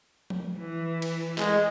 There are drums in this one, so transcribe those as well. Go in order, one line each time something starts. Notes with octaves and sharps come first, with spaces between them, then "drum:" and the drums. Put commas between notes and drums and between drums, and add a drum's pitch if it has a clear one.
drum: tom F3
E3
drum: cymbal
G#3, drum: clap